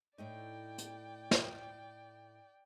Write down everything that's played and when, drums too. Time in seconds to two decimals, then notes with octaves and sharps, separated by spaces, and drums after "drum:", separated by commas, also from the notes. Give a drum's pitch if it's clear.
0.18 A2 A3 D#4 D5 G5
0.78 drum: hi-hat
1.31 drum: snare